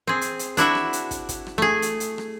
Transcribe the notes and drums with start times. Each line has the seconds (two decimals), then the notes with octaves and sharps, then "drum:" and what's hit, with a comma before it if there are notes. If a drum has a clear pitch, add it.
0.07 C4 G#4
0.21 drum: hi-hat
0.39 drum: hi-hat
0.57 D4 E4 F#4 E5, drum: hi-hat
0.75 drum: rim click
0.93 drum: hi-hat
1.11 drum: kick, hi-hat
1.29 drum: kick, hi-hat
1.47 drum: rim click
1.58 A3 G#4
1.82 drum: hi-hat
2.00 drum: hi-hat
2.18 drum: rim click